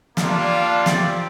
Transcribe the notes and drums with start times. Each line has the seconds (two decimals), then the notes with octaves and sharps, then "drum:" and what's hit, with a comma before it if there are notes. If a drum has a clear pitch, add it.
0.17 G3 A#3 D4 F4, drum: snare
0.86 C4 G4 D5, drum: snare